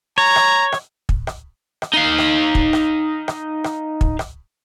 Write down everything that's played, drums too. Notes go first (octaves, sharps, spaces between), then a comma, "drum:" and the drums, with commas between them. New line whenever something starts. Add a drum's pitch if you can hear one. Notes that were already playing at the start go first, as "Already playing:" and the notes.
C#5 A#5
drum: rim click
drum: rim click
drum: kick
drum: rim click
drum: rim click
D#4 F5
drum: rim click
drum: kick
drum: rim click
drum: rim click
drum: rim click
drum: kick
drum: rim click